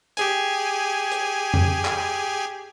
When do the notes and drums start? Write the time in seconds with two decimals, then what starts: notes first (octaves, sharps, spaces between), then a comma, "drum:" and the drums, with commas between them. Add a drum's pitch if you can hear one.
0.17 G4 G#4 G#5, drum: hi-hat
1.11 drum: hi-hat
1.54 drum: tom F2
1.85 drum: clap